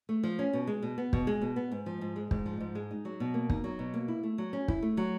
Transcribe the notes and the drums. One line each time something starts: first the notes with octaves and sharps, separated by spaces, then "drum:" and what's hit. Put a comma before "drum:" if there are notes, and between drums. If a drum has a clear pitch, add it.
A3
F3
C#4
B2
G#3
B2
B3
B2, drum: kick
G#3
B2
B3
G#2
F3
G#2
G#3
G#2, drum: kick
F3
G#2
G#3
D#4
F#3
B2
A#3
D#4, drum: kick
F#3
B2
A#3
E4
A3
F#3
C#4
E4, drum: kick
A3
F#3